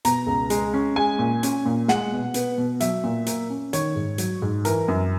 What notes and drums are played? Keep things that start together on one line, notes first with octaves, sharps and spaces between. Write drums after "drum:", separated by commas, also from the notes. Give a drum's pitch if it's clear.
B2 A#5, drum: hi-hat
C#2
G#3, drum: hi-hat
C#4
G#3 G#5
A#2
C#4, drum: hi-hat
A#2
G#3 F#5, drum: snare
B2
B3, drum: hi-hat
B2
F#3 E5, drum: hi-hat
A#2
A#3, drum: hi-hat
C#4
D#3 C#5, drum: hi-hat
G#2
F#3, drum: hi-hat
G#2
E3 A#4, drum: hi-hat
F#2